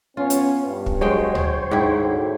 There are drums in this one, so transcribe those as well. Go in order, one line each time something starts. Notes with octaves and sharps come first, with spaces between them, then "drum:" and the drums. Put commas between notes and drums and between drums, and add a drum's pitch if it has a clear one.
B3 C#4 F4
drum: hi-hat
G2
drum: kick
F#3 G#3 C5 C#5 G5
drum: tom D2
G#2 D#3 D4 E4 G5
D2 A2 F#4